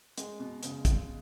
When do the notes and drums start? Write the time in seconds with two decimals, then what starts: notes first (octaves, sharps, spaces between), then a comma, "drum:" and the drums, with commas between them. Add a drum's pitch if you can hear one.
0.18 G#3, drum: hi-hat
0.40 B2
0.63 C#3, drum: hi-hat
0.85 drum: kick, hi-hat